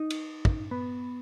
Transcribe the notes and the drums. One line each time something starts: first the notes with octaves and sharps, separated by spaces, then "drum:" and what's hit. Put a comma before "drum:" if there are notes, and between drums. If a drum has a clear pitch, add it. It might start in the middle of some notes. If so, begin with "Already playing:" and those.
Already playing: D#4
drum: cymbal
drum: kick
B3